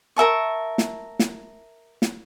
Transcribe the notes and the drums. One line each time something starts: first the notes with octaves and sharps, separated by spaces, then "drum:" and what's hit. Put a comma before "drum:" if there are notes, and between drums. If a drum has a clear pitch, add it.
A#4 E5 A5 C#6
drum: snare
drum: snare
drum: snare